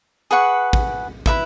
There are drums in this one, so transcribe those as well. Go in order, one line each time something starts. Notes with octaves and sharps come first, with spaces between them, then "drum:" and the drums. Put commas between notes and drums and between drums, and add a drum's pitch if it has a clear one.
G#4 B4 F#5 C#6
drum: kick
E4 B4 E5 B5, drum: kick